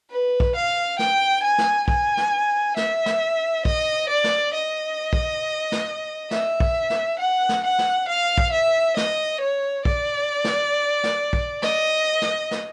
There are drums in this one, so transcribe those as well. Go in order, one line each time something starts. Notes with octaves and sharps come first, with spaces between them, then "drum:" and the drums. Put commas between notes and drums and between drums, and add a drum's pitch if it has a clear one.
B4
drum: kick
F5
G5, drum: snare
G#5
drum: snare
G#5, drum: kick
drum: snare
E5, drum: snare
drum: snare
D#5, drum: kick
D5
drum: snare
D#5
drum: kick
drum: snare
E5, drum: snare
drum: kick
drum: snare
F#5
drum: snare
F#5
drum: snare
F5
drum: kick
E5
D#5, drum: snare
C#5
D5, drum: kick
drum: snare
drum: snare
drum: kick
D#5, drum: snare
drum: snare
drum: snare